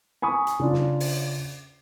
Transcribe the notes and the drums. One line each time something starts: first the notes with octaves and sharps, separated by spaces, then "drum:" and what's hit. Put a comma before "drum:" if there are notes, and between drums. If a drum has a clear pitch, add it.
G#5 B5 C#6 D#6
drum: hi-hat
C#3 D4 F4
drum: snare
drum: open hi-hat